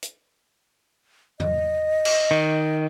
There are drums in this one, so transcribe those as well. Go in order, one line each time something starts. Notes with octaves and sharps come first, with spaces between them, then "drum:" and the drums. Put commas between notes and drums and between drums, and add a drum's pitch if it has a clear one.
drum: hi-hat
D#5, drum: tom E2
drum: cymbal
D#3